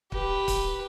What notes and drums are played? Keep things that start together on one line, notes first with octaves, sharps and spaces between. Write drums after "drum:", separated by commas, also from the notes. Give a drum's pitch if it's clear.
G4 B4, drum: kick
drum: kick, hi-hat